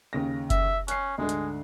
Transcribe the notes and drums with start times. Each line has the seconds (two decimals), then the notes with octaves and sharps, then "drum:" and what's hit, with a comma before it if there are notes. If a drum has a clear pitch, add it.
0.13 D#2 C#3 A#6
0.50 E5, drum: kick F#1, hi-hat
0.88 C#4 F#6 C7, drum: hi-hat
1.18 D2 G#2 D3 G#3
1.29 drum: hi-hat